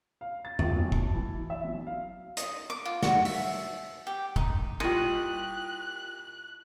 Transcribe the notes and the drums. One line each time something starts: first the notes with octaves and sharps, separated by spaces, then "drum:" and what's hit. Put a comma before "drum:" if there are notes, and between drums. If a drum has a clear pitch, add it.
F5
A6
A#1, drum: tom E2
B1
A5, drum: kick
E3
E5
B1
F5
D#5, drum: hi-hat
D6
F4
F#4, drum: snare
E5, drum: open hi-hat
G4
D#4, drum: kick
A#2 G3 E4 F4 G4 D#5 F#6